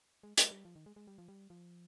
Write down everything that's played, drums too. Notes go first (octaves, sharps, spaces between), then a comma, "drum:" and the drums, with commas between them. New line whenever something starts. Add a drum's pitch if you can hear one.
G#3
G#3, drum: hi-hat
G3
F3
D#3
G#3
G#3
G3
F3
G3
F3